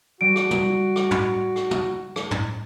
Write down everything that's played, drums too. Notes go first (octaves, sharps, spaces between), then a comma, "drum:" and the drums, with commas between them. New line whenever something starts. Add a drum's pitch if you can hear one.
G3 F#4 D7
drum: rim click
drum: tom
drum: rim click
drum: tom
drum: rim click
drum: tom
drum: rim click
drum: tom